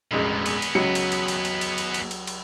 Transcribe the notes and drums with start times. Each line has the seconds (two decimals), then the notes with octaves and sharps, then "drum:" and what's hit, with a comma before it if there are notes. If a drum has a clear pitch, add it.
0.11 E1 A1 B2 F3 G#3
0.46 B3 G#4, drum: cymbal
0.62 drum: cymbal
0.75 C#2 F#3 C#7
0.95 drum: cymbal
1.12 drum: cymbal
1.28 drum: cymbal
1.45 drum: cymbal
1.61 drum: cymbal
1.78 drum: cymbal
1.94 drum: cymbal
2.11 drum: cymbal
2.27 drum: cymbal